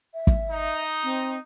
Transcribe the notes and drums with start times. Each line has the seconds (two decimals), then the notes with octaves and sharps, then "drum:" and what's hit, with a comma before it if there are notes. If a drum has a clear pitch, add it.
0.14 E5
0.27 drum: kick
0.49 D#4
1.04 C4